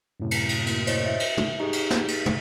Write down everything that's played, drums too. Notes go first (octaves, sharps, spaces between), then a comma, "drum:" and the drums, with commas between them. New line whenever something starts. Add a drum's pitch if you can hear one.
F#2 A2 C3
drum: cymbal
drum: cymbal
A#3, drum: cymbal
C5 C#5 D#5, drum: cymbal
E5
drum: cymbal
drum: tom
D#4 G4 G#4
drum: cymbal
drum: snare
drum: cymbal
drum: tom